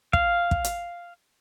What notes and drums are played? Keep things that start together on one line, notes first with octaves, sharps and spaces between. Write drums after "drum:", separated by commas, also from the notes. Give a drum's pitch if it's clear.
F5, drum: kick
drum: kick
drum: hi-hat